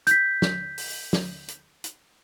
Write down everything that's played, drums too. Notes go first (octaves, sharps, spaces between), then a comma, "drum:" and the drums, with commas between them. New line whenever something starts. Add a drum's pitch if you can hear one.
G6 B6, drum: hi-hat
drum: snare
drum: open hi-hat
drum: snare
drum: hi-hat
drum: hi-hat